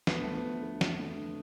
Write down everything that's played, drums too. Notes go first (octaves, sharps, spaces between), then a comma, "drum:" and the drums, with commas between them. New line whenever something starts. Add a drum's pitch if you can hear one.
D2 B3, drum: snare
F3 A3
B3
D3
B3
F2, drum: snare
A3
D3